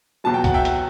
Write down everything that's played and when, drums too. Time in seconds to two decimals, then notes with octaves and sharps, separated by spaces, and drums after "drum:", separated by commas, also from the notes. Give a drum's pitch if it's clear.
0.24 E2 B2 F#3 A5
0.34 G5
0.44 F#5, drum: kick C2, hi-hat
0.54 E5 G5
0.65 drum: hi-hat